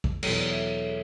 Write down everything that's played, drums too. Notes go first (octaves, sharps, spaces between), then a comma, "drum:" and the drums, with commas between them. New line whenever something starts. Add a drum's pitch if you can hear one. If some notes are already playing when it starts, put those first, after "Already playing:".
drum: kick
E2 B2 F#3 A4 C#5, drum: cymbal
D5
C#5 E5
A4
G#4